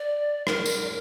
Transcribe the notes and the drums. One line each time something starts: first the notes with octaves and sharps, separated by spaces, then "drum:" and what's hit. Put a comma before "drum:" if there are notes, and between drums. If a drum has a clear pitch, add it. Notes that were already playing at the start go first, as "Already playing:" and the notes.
Already playing: D5
A#4, drum: rim click
drum: tambourine